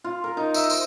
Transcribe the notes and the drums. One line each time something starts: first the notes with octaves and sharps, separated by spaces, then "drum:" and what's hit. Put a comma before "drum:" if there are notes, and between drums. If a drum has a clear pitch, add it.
F4
A#4
D#4
E5, drum: tambourine
C5, drum: tambourine